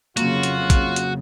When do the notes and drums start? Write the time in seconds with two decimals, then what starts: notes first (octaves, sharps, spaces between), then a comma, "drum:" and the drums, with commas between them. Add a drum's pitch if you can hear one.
0.17 F2 C#3 F#3 A#3 F4 F#4, drum: hi-hat
0.43 drum: hi-hat
0.70 drum: kick, hi-hat
0.96 drum: hi-hat